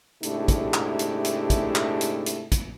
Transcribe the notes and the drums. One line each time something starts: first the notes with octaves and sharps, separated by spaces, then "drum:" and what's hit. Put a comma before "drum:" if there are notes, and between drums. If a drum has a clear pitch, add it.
G#2 C3 A3 D4 E4 G4, drum: hi-hat
drum: kick, hi-hat
drum: clap
drum: hi-hat
drum: hi-hat
drum: kick, hi-hat
drum: clap
drum: hi-hat
drum: hi-hat
drum: kick, hi-hat